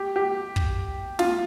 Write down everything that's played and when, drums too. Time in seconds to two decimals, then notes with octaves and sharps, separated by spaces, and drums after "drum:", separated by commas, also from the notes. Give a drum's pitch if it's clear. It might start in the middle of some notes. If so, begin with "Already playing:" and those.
Already playing: G4
0.16 G4
0.56 drum: kick
1.19 F4, drum: snare